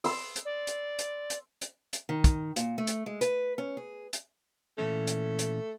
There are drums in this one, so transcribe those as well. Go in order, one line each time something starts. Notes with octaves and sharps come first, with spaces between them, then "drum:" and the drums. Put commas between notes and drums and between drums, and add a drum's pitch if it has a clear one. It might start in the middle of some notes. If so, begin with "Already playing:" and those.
C6 E6, drum: open hi-hat
drum: hi-hat
D5
drum: hi-hat
drum: hi-hat
drum: hi-hat
drum: hi-hat
drum: hi-hat
D#3
drum: kick, hi-hat
A#2, drum: hi-hat
A3
drum: hi-hat
G#3
B4, drum: hi-hat
C#4
G#4
drum: hi-hat
A#2 E3 A3 C#4
drum: hi-hat
drum: hi-hat